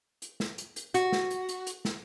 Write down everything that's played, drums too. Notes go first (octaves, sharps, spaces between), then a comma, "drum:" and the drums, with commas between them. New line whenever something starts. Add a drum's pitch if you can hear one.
drum: hi-hat
drum: snare
drum: hi-hat
drum: hi-hat
F#4, drum: hi-hat
drum: snare
drum: hi-hat
drum: hi-hat
drum: hi-hat
drum: snare